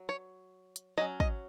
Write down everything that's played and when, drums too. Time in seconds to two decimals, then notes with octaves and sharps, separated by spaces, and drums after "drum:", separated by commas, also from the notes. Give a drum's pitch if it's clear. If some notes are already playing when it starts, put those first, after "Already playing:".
Already playing: F#3
0.09 C#5
0.76 drum: hi-hat
0.98 F#3 C#4 D#5
1.20 D#5, drum: kick